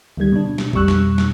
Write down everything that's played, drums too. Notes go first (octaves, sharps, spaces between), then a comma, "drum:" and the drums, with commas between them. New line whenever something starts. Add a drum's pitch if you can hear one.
D2 D#3 G3 G#6
B2 D4
drum: snare
F2 B2 G3 C#6 E6 F#6, drum: kick A1
drum: snare
drum: snare